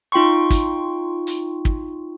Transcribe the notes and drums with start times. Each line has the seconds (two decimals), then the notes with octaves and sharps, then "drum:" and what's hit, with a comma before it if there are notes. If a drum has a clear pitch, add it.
0.12 D#4 F4 G5 C6 C#6
0.50 drum: kick, hi-hat
1.27 drum: hi-hat
1.65 drum: kick